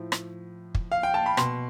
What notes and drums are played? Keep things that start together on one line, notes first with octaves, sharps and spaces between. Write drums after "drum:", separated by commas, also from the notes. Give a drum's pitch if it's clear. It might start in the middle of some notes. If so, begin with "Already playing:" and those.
Already playing: A2 F3
drum: rim click
drum: kick
F5
G5
A5
B5
B2 C6, drum: rim click